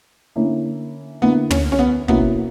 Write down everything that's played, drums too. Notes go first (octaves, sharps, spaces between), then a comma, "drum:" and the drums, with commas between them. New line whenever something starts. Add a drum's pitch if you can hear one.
D3 A#3 C#4 E4
D3 A#3 B3 E4
C#4, drum: tom
C#4
B3
B2 A#3 B3 C#4 E4, drum: kick